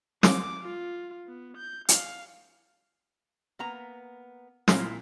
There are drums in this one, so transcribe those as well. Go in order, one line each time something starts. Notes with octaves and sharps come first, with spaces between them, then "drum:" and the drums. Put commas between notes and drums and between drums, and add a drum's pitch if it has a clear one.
D6, drum: snare
F4
B3
G6
F5, drum: hi-hat
A#3 B3 A#5
A#2 E4 F4, drum: snare